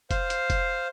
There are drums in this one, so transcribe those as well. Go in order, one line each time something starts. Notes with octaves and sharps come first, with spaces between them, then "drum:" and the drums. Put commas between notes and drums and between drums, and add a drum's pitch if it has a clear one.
C5 F5, drum: kick, hi-hat
drum: hi-hat
drum: kick, hi-hat